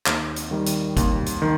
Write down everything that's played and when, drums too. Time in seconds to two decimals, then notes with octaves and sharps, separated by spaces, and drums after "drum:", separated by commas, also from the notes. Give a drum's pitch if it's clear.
0.06 D#2, drum: clap
0.36 drum: hi-hat
0.51 D#3 G3
0.66 drum: hi-hat
0.97 D#2, drum: kick G#1, hi-hat
1.26 drum: hi-hat
1.42 D#3